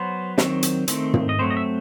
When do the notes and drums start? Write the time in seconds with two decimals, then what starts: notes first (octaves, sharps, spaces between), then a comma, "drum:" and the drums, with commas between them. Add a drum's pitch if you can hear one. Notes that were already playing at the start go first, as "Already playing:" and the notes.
Already playing: F#3 B3 C5
0.38 D#3 F#3 C4, drum: snare
0.63 drum: hi-hat
0.88 D#3 A3 C4, drum: hi-hat
1.14 drum: tom
1.29 D#5
1.39 F#3 A3 C4 C5
1.50 D#5
1.57 E5